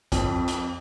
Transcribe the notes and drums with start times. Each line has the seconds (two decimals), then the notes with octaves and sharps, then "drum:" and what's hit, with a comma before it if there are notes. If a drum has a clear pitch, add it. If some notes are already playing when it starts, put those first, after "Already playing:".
0.12 F2, drum: kick A#1, hi-hat
0.48 drum: hi-hat